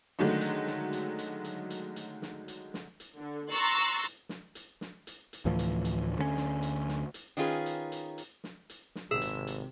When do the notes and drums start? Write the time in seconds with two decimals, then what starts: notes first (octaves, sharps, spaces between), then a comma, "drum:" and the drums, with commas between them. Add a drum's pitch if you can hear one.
0.19 D3 D#3 F#3 G#3 A3 D#4
0.41 drum: hi-hat
0.67 drum: snare
0.93 drum: hi-hat
1.19 drum: hi-hat
1.44 drum: hi-hat
1.70 drum: hi-hat
1.96 drum: hi-hat
2.22 drum: snare
2.48 drum: hi-hat
2.74 drum: snare
3.00 drum: hi-hat
3.18 D3
3.52 A#5 C6 C#6 E6 F#6 A6, drum: hi-hat
3.78 drum: hi-hat
4.03 drum: hi-hat
4.29 drum: snare
4.55 drum: hi-hat
4.81 drum: snare
5.07 drum: hi-hat
5.33 drum: hi-hat
5.45 D2 A2 E3 F3
5.59 drum: hi-hat
5.85 drum: hi-hat
6.18 D2 D3 G#3 C#4
6.36 drum: snare
6.62 drum: hi-hat
6.88 drum: snare
7.14 drum: hi-hat
7.37 D#3 C#4 F4 G#4 B4
7.66 drum: hi-hat
7.92 drum: hi-hat
8.18 drum: hi-hat
8.44 drum: snare
8.70 drum: hi-hat
8.95 drum: snare
9.11 G#1 C3 G#4 E5
9.21 drum: hi-hat
9.47 drum: hi-hat